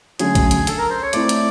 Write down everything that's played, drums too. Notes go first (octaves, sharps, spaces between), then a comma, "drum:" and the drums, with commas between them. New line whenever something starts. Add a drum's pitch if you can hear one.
D3 F#3 A3 C#4 G#4, drum: hi-hat
drum: kick, hi-hat
drum: hi-hat
A4, drum: hi-hat
A#4
C5
C#5
A3 C4 E4 D5, drum: hi-hat
drum: hi-hat